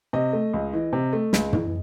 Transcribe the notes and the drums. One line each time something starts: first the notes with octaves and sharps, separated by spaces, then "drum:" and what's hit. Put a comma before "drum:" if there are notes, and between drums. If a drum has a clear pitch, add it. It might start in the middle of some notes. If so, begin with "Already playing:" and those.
C3 D#5
A3
C#2
E3
C3
A3
C#2, drum: snare
E3, drum: tom